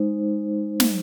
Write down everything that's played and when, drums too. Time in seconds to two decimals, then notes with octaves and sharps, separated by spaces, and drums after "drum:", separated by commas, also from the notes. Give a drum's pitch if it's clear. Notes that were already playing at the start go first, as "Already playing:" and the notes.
Already playing: G#3 D#4 C5
0.80 drum: snare